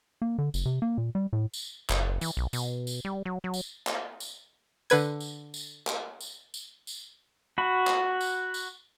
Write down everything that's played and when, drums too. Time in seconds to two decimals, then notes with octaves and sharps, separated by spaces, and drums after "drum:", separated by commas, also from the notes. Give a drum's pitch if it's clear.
0.22 A#3
0.38 D3
0.54 F#1, drum: tambourine
0.65 C3
0.82 A#3
0.98 A#2
1.15 G3
1.33 A2
1.54 drum: tambourine
1.90 F#1, drum: clap
2.21 E3, drum: tambourine
2.37 B1
2.53 B2, drum: tambourine
2.87 drum: tambourine
3.05 G3
3.25 F#3
3.44 F#3
3.54 drum: tambourine
3.87 drum: clap
4.20 drum: tambourine
4.90 D3 B4 G#6, drum: tambourine
5.20 drum: tambourine
5.54 drum: tambourine
5.87 drum: clap
6.20 drum: tambourine
6.54 drum: tambourine
6.87 drum: tambourine
7.58 F#4 B5
7.87 drum: clap
8.21 drum: tambourine
8.54 drum: tambourine